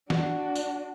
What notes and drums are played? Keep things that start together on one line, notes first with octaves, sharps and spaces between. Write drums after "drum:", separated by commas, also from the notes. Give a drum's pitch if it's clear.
D4 F#4, drum: snare
drum: tambourine